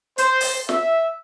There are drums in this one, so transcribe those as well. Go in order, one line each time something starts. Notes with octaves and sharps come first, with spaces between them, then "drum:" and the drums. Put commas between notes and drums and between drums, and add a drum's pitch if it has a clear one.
C5, drum: hi-hat
drum: open hi-hat
E5, drum: snare